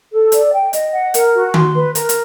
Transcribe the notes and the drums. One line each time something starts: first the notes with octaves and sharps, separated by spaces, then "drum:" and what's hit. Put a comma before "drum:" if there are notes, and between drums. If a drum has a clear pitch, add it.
A4
D5, drum: hi-hat
G5
D#5, drum: hi-hat
F#5
A#4, drum: hi-hat
F#4
C6, drum: tom D#3
B4
A#4, drum: hi-hat
drum: hi-hat